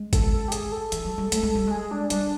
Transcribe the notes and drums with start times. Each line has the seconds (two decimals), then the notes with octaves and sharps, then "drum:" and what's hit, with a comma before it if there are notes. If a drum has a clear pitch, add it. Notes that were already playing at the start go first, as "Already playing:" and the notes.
Already playing: G#3
0.13 A4, drum: kick, hi-hat
0.33 A4
0.48 G4
0.52 G#4, drum: hi-hat
0.72 A4
0.92 E3, drum: hi-hat
1.05 F#3
1.18 G3
1.32 A3, drum: hi-hat
1.43 G#3
1.55 G3
1.67 G#3 G#4
1.91 D4
2.10 G3 D4, drum: hi-hat